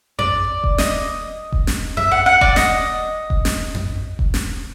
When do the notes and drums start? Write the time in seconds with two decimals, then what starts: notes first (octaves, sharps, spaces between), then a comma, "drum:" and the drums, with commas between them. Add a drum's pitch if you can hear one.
0.19 D5, drum: tom F2
0.64 drum: kick E1
0.78 D#5, drum: snare
1.52 drum: kick E1
1.67 drum: snare
1.97 E5, drum: tom F2
2.12 F#5
2.26 F#5
2.41 D5, drum: kick E1
2.56 D#5, drum: snare
3.30 drum: kick E1
3.45 drum: snare
3.74 drum: tom F2
4.19 drum: kick E1
4.34 drum: snare